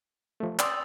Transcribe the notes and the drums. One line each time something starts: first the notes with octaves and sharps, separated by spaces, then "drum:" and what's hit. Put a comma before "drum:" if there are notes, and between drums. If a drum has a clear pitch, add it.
F3 A3
D5 C6 D#6 E6 A6, drum: clap